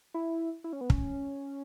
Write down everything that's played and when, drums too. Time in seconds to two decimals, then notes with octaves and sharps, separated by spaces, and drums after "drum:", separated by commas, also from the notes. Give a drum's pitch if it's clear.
0.14 E4
0.64 E4
0.73 C#4
0.81 B3
0.90 C#4, drum: kick